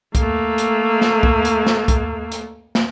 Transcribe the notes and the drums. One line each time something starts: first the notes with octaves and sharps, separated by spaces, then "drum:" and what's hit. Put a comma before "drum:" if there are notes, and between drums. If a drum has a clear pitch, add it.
A3 A#3, drum: kick, hi-hat
drum: hi-hat
drum: snare
drum: kick
drum: hi-hat
drum: snare
drum: kick, hi-hat
drum: hi-hat
drum: snare